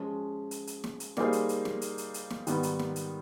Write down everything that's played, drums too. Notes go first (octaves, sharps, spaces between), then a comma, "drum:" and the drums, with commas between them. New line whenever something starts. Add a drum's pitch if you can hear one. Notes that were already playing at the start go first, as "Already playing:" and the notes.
Already playing: F3 G#3 C#4
drum: hi-hat
drum: hi-hat
drum: snare
drum: hi-hat
G3 A#3 D#4 G#4 C5, drum: snare
drum: hi-hat
drum: hi-hat
drum: snare
drum: hi-hat
drum: hi-hat
drum: hi-hat
drum: snare
G#2 D#3 G3 B3, drum: hi-hat
drum: hi-hat
drum: snare
drum: hi-hat